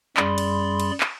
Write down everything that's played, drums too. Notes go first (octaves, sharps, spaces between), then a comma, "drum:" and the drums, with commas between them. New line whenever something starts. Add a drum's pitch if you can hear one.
F#2 G3 G#4 D5 B5 C6, drum: clap
drum: cymbal
drum: cymbal
drum: clap